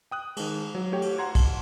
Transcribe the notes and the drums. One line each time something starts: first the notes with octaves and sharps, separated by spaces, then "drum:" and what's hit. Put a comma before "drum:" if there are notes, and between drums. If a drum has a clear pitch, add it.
G5 D#6 F#6
D#3 G#3, drum: cymbal
F#3
A3 F#4 G4 C#5 G5
drum: cymbal
F#5 A#5 C6 G#6
drum: kick A#1, cymbal